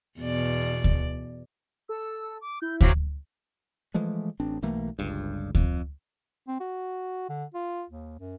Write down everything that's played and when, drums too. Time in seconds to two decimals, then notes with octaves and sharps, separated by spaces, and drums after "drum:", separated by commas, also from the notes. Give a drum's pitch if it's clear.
0.20 E2 B2 D5
0.84 drum: kick D2
1.89 A4 E6
2.41 D6
2.62 E4 G6
2.81 C3 F#3 F5, drum: kick D2
3.94 E3 F3 G#3 A3
4.40 A1 C4 D4
4.62 B1 E3 A3 A#3
4.99 G1 C#2 G2
5.55 F2, drum: kick D2
6.48 C4
6.60 F#4
7.29 D3
7.54 F4
7.90 D#2
8.19 F#2